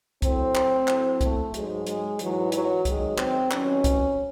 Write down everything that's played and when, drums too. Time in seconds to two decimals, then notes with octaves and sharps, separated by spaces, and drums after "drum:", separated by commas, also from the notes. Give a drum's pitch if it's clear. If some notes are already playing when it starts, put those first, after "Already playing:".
0.22 A2 F#3 C4, drum: kick C2, hi-hat
0.55 drum: clap
0.88 A2 F#3, drum: clap
1.21 A3, drum: kick C2, hi-hat
1.54 G#2 F#3 G#3, drum: hi-hat
1.87 G#3, drum: hi-hat
2.19 G#2 E3 F#3, drum: hi-hat
2.52 F#3, drum: hi-hat
2.85 F#2 D#3 F#3 G#3, drum: kick C2, hi-hat
3.18 C4, drum: clap
3.51 E2 C3 D#3 F#3 C#4, drum: clap
3.84 drum: kick C2, hi-hat